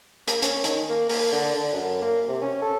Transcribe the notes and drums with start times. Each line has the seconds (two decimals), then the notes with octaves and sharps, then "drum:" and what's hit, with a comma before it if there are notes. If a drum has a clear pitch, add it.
0.27 A#3, drum: hi-hat
0.42 C#4, drum: hi-hat
0.64 D#3, drum: hi-hat
0.89 A#3
1.09 A#3, drum: open hi-hat
1.32 D3
1.55 D3
1.73 F#2
2.02 A#3
2.28 C3
2.42 C#4
2.62 A4